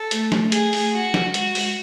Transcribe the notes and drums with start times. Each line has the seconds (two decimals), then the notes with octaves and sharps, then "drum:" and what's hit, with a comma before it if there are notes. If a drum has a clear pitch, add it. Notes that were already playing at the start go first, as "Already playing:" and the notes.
Already playing: A4
0.11 A3, drum: hi-hat
0.32 drum: snare
0.52 G#4, drum: hi-hat
0.73 drum: open hi-hat
0.94 F#4
1.14 drum: snare
1.34 G#3 F#4, drum: hi-hat
1.55 G#3, drum: open hi-hat